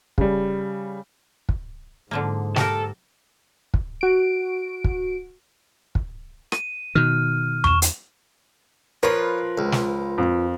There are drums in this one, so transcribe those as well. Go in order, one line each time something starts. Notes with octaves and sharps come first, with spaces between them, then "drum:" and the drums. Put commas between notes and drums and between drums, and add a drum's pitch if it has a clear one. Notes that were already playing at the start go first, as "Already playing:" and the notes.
C#3 G3, drum: kick
drum: kick
G#2 D3 F3 A#3
G4 A4 A#4, drum: snare
drum: kick
F#4 D7
drum: kick
drum: kick
D#7, drum: rim click
B2 D#3 F6
C#6 E7, drum: tom E2
drum: hi-hat
F3 F4 A#4 B4 C#5
C#2
drum: snare
F2